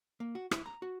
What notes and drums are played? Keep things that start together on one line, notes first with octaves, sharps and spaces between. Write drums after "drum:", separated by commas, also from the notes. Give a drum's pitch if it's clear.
A#3
F#4
E4, drum: rim click
A#5
F#4